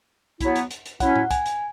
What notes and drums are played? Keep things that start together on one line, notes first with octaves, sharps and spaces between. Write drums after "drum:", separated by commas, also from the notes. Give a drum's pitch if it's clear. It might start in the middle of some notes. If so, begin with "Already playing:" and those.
F#3 B3 E4, drum: kick, hi-hat
drum: hi-hat
drum: hi-hat
drum: hi-hat
F#3 C#4 E4 F#5, drum: kick, hi-hat
drum: tom A2
G#5, drum: kick, hi-hat
drum: hi-hat